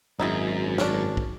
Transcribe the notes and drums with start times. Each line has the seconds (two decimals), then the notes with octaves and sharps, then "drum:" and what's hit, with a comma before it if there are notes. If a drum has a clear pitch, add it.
0.19 G#1 F#2 D#4 E4 G#4
0.78 C#4 D4, drum: snare
1.17 drum: kick